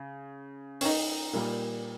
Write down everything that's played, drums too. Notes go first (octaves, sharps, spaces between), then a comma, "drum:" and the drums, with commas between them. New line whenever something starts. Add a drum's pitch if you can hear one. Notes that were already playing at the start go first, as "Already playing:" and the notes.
Already playing: C#3
C#4, drum: open hi-hat
D#4
A#2 G3 A#3